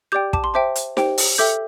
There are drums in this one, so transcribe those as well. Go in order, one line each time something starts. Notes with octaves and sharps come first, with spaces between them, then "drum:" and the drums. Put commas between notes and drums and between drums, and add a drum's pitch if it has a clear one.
G4 D5 G5 D6 G6
A5 D6, drum: kick
C6
C5 E5 G5 A5 D6
drum: hi-hat
G4 C5 G5, drum: snare D#4
drum: open hi-hat
A4 E5 G5 D6 G6